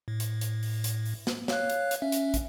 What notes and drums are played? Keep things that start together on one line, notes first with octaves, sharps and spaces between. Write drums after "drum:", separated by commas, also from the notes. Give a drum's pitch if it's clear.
A2
drum: hi-hat
drum: hi-hat
drum: open hi-hat
drum: hi-hat
drum: open hi-hat
drum: snare
C#5 F5 F#6, drum: snare
drum: hi-hat
drum: hi-hat
C#4 E5
drum: hi-hat
drum: kick, hi-hat